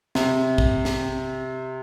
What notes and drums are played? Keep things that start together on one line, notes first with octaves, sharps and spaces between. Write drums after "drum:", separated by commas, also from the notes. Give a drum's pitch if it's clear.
C3, drum: snare
drum: kick
drum: snare